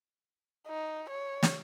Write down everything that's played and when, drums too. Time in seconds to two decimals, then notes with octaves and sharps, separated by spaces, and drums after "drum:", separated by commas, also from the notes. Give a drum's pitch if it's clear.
0.67 D#4
1.10 C#5
1.42 drum: snare